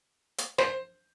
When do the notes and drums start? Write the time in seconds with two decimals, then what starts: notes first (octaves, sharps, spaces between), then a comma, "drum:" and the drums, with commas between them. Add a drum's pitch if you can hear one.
0.38 drum: hi-hat
0.58 C5, drum: snare